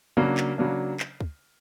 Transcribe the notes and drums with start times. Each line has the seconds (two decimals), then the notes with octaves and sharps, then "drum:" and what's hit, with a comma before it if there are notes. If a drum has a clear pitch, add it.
0.17 C#3 F#3 A#3 D4
0.37 drum: clap
0.58 C#3 F#3 A#3 D4
1.00 drum: clap
1.20 drum: kick